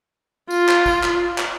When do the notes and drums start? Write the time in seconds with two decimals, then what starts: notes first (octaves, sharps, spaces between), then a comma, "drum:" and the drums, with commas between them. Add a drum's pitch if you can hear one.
0.50 F4, drum: tambourine
0.68 drum: clap
0.86 drum: kick, tambourine
1.03 drum: clap
1.38 drum: clap